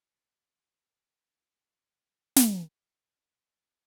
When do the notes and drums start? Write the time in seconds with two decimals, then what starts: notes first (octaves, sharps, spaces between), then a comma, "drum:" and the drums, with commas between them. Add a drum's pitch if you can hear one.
0.14 F6 A6 B6 C7
2.36 drum: snare
2.67 G#2 A4
2.91 A#2
3.65 A#4 G#5